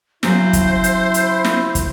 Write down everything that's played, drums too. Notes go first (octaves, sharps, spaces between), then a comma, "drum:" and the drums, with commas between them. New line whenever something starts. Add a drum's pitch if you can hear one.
C#3 F#3 E4 C5, drum: snare
drum: kick, hi-hat
drum: hi-hat
drum: hi-hat
drum: snare
drum: kick, hi-hat